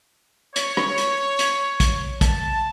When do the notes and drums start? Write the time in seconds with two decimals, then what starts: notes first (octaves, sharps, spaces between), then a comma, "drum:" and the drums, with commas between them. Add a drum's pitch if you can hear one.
0.56 C#5, drum: hi-hat
0.77 drum: rim click
0.98 drum: hi-hat
1.39 drum: hi-hat
1.80 drum: kick, hi-hat
2.21 A5, drum: kick, hi-hat